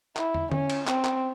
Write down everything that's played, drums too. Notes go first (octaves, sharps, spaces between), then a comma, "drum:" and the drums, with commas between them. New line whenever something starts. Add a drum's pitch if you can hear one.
E4, drum: clap
drum: tom
C#4, drum: tom D3
drum: cymbal
C4, drum: clap
drum: clap